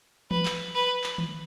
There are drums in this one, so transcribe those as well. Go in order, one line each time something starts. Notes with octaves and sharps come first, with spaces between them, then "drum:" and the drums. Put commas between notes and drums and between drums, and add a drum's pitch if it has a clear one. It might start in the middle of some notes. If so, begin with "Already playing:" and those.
B4, drum: tom E3
drum: clap
B4
drum: clap
drum: tom D#3